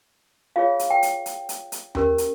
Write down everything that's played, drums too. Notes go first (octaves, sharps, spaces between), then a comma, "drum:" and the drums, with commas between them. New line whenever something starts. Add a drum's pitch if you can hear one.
F4 G#4 C#5 F5
drum: hi-hat
G5
drum: hi-hat
drum: hi-hat
drum: hi-hat
drum: hi-hat
C#4 G4 A#4, drum: tom D#2
drum: hi-hat